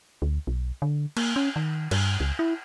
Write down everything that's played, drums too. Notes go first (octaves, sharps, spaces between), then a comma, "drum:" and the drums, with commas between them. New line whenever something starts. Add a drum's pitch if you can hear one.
D2
B1
D3
A#3, drum: cymbal
C#4
D#3
G2, drum: cymbal
C#2
E4